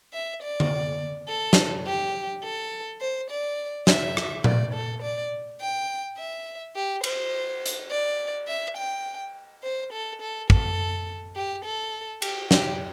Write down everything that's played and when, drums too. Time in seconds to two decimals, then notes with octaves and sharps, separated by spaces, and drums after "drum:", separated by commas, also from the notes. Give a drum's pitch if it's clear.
0.13 E5
0.42 D5
0.60 drum: tom D3
1.28 A4
1.53 drum: snare
1.86 G4
2.43 A4
3.01 C5
3.30 D5
3.87 E5, drum: snare
4.17 drum: rim click
4.44 D5, drum: tom A#2
4.74 A4
5.02 D5
5.61 G5
6.18 E5
6.76 G4
7.04 C5, drum: cymbal
7.66 drum: hi-hat
7.90 D5
8.47 E5
8.77 G5
9.63 C5
9.93 A4
10.22 A4
10.50 A4, drum: kick
11.36 G4
11.65 A4
12.22 G4, drum: cymbal
12.51 G4, drum: snare